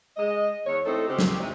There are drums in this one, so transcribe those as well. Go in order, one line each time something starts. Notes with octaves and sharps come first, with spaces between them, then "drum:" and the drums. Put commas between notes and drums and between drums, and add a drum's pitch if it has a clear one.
G#3 D#5
E2 C#5
A3 C4 D#4 E4 A4
C#3 C4 F#4 G4
drum: snare
G2 C3 G#3 D#4